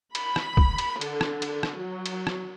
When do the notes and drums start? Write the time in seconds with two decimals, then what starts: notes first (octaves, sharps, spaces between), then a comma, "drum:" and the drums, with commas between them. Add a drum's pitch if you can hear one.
0.15 B5, drum: cymbal
0.36 drum: rim click
0.57 drum: kick
0.78 drum: cymbal
1.01 D3, drum: cymbal
1.21 drum: rim click
1.42 drum: cymbal
1.63 drum: rim click
1.79 F#3
2.06 drum: cymbal
2.27 drum: rim click